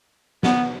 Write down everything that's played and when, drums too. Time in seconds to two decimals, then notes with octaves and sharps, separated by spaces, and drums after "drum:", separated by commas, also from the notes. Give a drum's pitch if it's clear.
0.43 B3, drum: snare